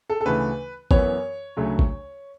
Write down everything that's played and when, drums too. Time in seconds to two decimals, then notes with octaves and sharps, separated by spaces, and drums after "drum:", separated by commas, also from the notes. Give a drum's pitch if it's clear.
0.10 A4
0.21 A4
0.25 D2 C#3 E3 A3 B4
0.91 F#2 E3 B3 C#5, drum: kick
1.57 D2 C#3 F#3 A3
1.79 drum: kick